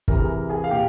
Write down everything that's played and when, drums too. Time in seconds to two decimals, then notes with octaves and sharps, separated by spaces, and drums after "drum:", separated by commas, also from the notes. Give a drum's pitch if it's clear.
0.08 C3 E3 A#4, drum: kick
0.19 G#4
0.29 A#4
0.49 G#4 G#5
0.64 F5
0.71 A#2 G4 G5